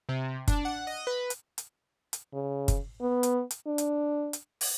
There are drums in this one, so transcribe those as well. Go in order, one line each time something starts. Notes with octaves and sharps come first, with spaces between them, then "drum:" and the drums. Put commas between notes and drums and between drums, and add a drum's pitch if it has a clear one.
C3
D4, drum: kick F#1, hi-hat
F#5
D#5
B4
drum: hi-hat
drum: hi-hat
drum: hi-hat
C#3
drum: kick F#1, hi-hat
B3
drum: hi-hat
drum: hi-hat
D4
drum: hi-hat
drum: hi-hat
drum: open hi-hat